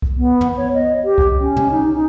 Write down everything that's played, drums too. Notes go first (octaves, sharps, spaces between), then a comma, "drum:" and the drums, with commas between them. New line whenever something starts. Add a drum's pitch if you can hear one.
drum: kick C2
B3
drum: tom
C#5
D#5
G4
drum: kick C2
C#4
drum: tom
D#4
D#4